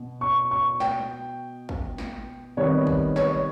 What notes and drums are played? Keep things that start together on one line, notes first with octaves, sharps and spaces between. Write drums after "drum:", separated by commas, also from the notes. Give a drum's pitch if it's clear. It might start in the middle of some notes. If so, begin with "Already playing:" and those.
Already playing: B2
C#6
C#6
G5, drum: snare
drum: kick
drum: snare
C3 D#3 G3 B3 C#5
drum: kick
C#5, drum: snare